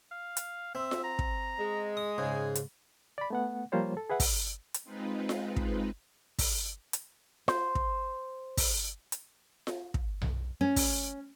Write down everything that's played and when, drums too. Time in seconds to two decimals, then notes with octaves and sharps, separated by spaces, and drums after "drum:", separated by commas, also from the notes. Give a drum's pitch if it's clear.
0.11 F5
0.37 drum: hi-hat
0.75 C4 E5
0.91 drum: snare F4
1.04 A#5
1.19 drum: kick
1.58 G#3
1.97 D#6
2.18 G#2 C#3 G#5
2.55 drum: hi-hat
3.18 D5 B5
3.30 A3 B3 F#5
3.72 F3 G3 A#3 F4 C5 C#5
3.97 A4
4.10 G#4 B4 E5 F#5
4.20 drum: kick, open hi-hat
4.74 drum: hi-hat
4.83 G#3 C4 D#4 F4 B4
5.29 drum: snare F4
5.56 drum: kick
6.38 drum: kick, open hi-hat
6.93 drum: hi-hat
7.48 C5, drum: snare F4
7.75 drum: kick
8.57 drum: kick, open hi-hat
9.12 drum: hi-hat
9.67 drum: snare F4
9.94 drum: kick
10.22 drum: tom B1
10.61 C#4
10.76 drum: kick, open hi-hat